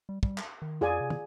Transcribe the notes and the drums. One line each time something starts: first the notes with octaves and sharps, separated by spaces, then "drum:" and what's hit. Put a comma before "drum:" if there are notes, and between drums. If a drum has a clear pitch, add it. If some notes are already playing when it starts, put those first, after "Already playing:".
G3
G3, drum: kick
drum: clap
D#3
F2 F4 G#4 D5 G#5
C3
drum: tom